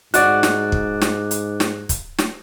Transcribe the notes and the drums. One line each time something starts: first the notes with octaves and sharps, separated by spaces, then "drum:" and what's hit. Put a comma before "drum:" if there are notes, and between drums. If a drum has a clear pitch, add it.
G#2 F#4 D5 F#6, drum: hi-hat
drum: snare
drum: kick
drum: snare
drum: hi-hat
drum: snare
drum: kick, hi-hat
drum: snare